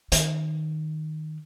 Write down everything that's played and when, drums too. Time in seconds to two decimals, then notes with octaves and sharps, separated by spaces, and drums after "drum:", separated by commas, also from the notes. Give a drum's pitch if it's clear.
0.12 D#3, drum: hi-hat